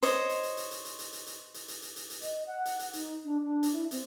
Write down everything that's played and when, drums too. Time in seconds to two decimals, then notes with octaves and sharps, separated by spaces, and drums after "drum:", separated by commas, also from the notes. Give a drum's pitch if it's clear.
0.03 C5 C#5 D#5, drum: hi-hat
0.29 drum: hi-hat
0.43 drum: hi-hat
0.57 drum: hi-hat
0.71 drum: hi-hat
0.85 drum: hi-hat
0.99 drum: hi-hat
1.13 drum: hi-hat
1.26 drum: hi-hat
1.54 drum: hi-hat
1.68 drum: hi-hat
1.82 drum: hi-hat
1.96 drum: hi-hat
2.10 drum: hi-hat
2.22 D#5, drum: hi-hat
2.46 F#5
2.65 drum: hi-hat
2.79 drum: hi-hat
2.93 D#4, drum: hi-hat
3.24 D4
3.43 D4
3.63 drum: hi-hat
3.72 E4
3.91 C4, drum: hi-hat